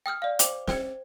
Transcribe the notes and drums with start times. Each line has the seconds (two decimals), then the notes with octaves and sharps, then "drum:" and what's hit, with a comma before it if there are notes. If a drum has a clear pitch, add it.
0.06 G5 D#6 F6 G6
0.22 D5 F5
0.39 C5 G5 D6 F7 F#7, drum: hi-hat
0.67 C5 G5 G#6 C#7, drum: snare